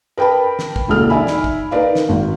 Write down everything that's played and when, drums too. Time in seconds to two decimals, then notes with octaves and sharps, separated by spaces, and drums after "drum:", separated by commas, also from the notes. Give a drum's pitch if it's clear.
0.17 A#4 B4 G5 A5 B5
0.59 drum: snare
0.76 drum: kick
0.88 E1 C#2 A#2 E4 A4 F6
1.10 D#4 D5 E5 G#5 B5
1.27 drum: snare
1.44 drum: kick
1.71 D#4 A#4 B4 D5 F5
1.95 drum: snare
2.09 G#1